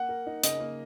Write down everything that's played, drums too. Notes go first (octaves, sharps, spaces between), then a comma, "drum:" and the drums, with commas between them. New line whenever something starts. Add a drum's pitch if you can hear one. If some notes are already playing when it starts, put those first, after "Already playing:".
Already playing: A#3 F#5
A#4
D#4
C#3 D#5, drum: hi-hat
A#3